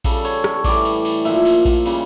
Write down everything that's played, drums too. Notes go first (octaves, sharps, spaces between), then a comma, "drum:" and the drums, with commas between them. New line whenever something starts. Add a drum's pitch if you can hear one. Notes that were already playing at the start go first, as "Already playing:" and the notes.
C#3 G3 A4, drum: kick A#1, cymbal
C#5, drum: cymbal
C#5, drum: rim click
C#5
A2 E3 G3 D5, drum: kick A#1, cymbal
drum: cymbal
drum: cymbal
A#2 F3 E5, drum: cymbal
drum: cymbal
drum: kick A#1, cymbal
C#3 G3, drum: cymbal